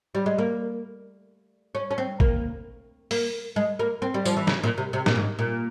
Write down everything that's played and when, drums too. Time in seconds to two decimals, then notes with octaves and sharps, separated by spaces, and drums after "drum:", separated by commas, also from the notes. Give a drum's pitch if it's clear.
0.15 G3
0.26 G#3
0.38 A#3
1.75 C#4
1.91 C#4
1.98 C4
2.20 A#3, drum: kick
3.11 A#3, drum: open hi-hat
3.56 G#3
3.79 A#3
4.02 C4
4.14 G3
4.25 F3, drum: tambourine
4.37 E3
4.47 C#3, drum: snare
4.63 A#2
4.78 C3
4.93 C3
5.06 A#2, drum: snare
5.16 G#2
5.39 A#2